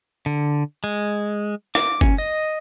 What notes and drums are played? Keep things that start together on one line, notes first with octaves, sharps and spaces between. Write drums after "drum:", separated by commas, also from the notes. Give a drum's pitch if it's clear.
D3
G#3
D6, drum: rim click
C#4, drum: kick
D#5